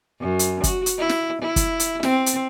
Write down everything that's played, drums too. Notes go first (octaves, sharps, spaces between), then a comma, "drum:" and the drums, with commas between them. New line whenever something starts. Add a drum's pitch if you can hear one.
F#2
drum: hi-hat
F#4, drum: kick, hi-hat
drum: hi-hat
E4
drum: snare
E4
drum: kick, hi-hat
drum: hi-hat
C4, drum: snare
drum: hi-hat